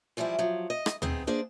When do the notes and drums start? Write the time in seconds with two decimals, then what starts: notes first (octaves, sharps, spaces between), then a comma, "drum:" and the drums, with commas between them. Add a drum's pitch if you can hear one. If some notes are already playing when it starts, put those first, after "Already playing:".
0.17 E3 F3 G3 G#3 E4
0.39 F3 F#3
0.70 D#5
0.86 drum: rim click
1.02 B3 C4 D#4 G#4, drum: tom
1.27 A#3 D4 G#4 C5 D5